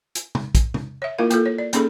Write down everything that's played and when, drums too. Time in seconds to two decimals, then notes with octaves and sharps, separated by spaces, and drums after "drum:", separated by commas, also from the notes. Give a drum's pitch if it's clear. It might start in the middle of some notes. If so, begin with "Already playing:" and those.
0.15 drum: hi-hat
0.35 drum: tom
0.55 drum: kick, hi-hat
0.74 drum: tom
1.02 C#5 E5
1.19 A#3 E4 F4 A#4 F5
1.30 A#3 F4 A4, drum: hi-hat
1.46 C#5
1.58 D5
1.73 A#3 C#4 D#4 G#4 A4 B5, drum: hi-hat